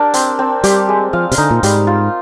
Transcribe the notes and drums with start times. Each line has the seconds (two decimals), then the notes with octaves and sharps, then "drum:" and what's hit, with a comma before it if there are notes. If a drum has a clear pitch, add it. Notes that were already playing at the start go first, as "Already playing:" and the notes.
Already playing: D4 G4 A#4
0.14 C4, drum: hi-hat
0.39 C4
0.64 G3 G4, drum: hi-hat
0.89 G#3
1.13 F3 F5
1.32 C3, drum: hi-hat
1.38 D3 D#4
1.51 A#2
1.63 G#2 G3, drum: hi-hat
1.87 F4